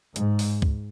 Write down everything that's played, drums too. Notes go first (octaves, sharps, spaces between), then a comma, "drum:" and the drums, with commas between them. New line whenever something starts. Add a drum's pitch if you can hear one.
G#2, drum: hi-hat
drum: open hi-hat
drum: kick C#2